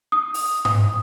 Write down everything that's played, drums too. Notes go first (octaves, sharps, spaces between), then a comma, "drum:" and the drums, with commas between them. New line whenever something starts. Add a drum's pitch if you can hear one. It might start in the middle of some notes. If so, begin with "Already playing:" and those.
D#6
drum: open hi-hat
D#6, drum: tom G#2